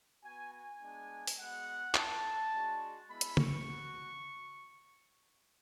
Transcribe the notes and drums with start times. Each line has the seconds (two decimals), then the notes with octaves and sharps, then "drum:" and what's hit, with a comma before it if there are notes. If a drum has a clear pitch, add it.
0.24 B3 F#4 G#5
0.53 G#5
0.81 G#3 B3 D4
1.27 drum: open hi-hat
1.38 G#3 B3 F#4 F#5
1.94 A3 E4 A5, drum: clap
2.52 G#3 D4 F#4
3.09 G#3 B3 E4 B5
3.21 drum: hi-hat
3.37 C#6, drum: tom
3.65 F#4